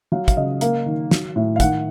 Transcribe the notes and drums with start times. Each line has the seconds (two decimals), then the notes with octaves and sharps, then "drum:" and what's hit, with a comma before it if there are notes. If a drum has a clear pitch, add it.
0.12 F#3 F5
0.28 F5, drum: kick, hi-hat
0.37 C#3 D#5
0.61 A#3 F5, drum: hi-hat
0.86 D#3
1.11 F#3, drum: snare
1.36 A2
1.56 F5
1.60 D#3 F#5, drum: kick, hi-hat